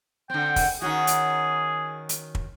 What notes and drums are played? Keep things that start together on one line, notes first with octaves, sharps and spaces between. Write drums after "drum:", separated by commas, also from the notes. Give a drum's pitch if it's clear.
D3 C4 G5
drum: kick, open hi-hat
D#3 C#4 F#4 G#4
drum: hi-hat
drum: hi-hat
drum: kick